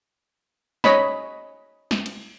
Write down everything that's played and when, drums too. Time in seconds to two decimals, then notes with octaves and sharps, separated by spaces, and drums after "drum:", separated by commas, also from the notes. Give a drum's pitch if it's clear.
0.84 C#5 D#5 B5, drum: snare
1.91 drum: snare
2.06 drum: cymbal